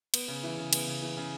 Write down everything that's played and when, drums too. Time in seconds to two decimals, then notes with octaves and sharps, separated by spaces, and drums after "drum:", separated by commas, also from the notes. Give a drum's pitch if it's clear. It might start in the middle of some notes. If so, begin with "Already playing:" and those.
0.14 B3, drum: cymbal
0.28 C#3
0.43 E3
0.58 C#3
0.73 B3, drum: cymbal
0.87 C#3
1.02 E3
1.17 C#3